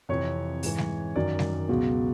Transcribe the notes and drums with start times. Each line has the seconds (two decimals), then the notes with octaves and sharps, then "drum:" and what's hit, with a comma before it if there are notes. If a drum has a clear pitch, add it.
0.09 F2 C3 E3 C#5
0.63 G#2 E3, drum: open hi-hat
0.78 drum: snare
1.16 F#2 D#3 F#3 D5
1.39 drum: snare
1.69 C#2 B2 F#3